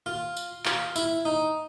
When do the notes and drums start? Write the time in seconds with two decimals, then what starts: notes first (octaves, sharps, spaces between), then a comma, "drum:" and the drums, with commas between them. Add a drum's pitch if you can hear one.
0.06 F4
0.37 drum: tambourine
0.66 F4, drum: clap
0.96 E4, drum: tambourine
1.25 D#4